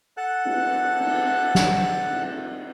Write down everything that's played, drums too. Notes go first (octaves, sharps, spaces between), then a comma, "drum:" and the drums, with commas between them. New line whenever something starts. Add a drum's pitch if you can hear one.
A4 F#5 A5 F#6
drum: cymbal
drum: cymbal
drum: snare
drum: cymbal